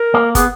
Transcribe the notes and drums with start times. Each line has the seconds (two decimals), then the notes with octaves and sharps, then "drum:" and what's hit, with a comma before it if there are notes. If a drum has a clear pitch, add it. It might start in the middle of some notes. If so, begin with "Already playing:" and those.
Already playing: A#4
0.14 A#3
0.35 B3 G#4, drum: kick, hi-hat